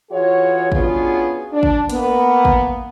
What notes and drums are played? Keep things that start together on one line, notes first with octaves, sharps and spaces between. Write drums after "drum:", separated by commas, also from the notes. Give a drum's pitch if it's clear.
E3 F4 F#4 G#4 C#5
B3 C#4 D4 F4 F#4 G#4, drum: kick
D4
drum: kick
A#3 B3, drum: hi-hat
drum: kick